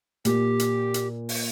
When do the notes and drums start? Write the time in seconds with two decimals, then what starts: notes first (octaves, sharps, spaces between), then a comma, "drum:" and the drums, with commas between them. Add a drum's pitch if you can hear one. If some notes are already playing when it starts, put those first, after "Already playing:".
0.25 A#2 G4, drum: hi-hat
0.60 drum: hi-hat
0.94 drum: hi-hat
1.29 drum: open hi-hat